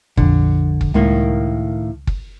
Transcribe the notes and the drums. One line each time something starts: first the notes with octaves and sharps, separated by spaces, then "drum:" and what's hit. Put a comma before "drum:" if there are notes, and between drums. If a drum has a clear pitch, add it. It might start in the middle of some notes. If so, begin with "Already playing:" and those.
A#1 F2 D3, drum: kick
drum: kick
C#2 A2 D#3 G#3 A#3
drum: kick